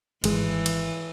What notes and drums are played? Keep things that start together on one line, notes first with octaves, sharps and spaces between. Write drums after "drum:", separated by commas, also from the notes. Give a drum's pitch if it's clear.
G#1 E3 G#3, drum: cymbal
drum: cymbal